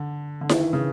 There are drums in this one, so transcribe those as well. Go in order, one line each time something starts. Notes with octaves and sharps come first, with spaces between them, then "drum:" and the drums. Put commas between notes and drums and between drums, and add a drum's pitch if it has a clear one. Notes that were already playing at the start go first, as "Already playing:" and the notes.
Already playing: D3
D3
D#3, drum: snare E4
E3
C#3